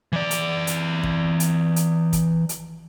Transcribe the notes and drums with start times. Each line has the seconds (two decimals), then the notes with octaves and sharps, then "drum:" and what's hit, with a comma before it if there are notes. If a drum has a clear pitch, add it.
0.13 E3 D5
0.31 drum: hi-hat
0.67 drum: hi-hat
1.03 drum: kick
1.40 drum: hi-hat
1.76 drum: hi-hat
2.13 drum: kick, hi-hat
2.49 drum: hi-hat